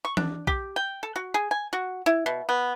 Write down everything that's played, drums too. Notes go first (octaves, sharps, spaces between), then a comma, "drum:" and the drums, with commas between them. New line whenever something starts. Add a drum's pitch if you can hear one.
C#6
D4, drum: tom E3
G4, drum: kick
G5
A4
F#4
G#4
G#5
F#4
E4
B2
B3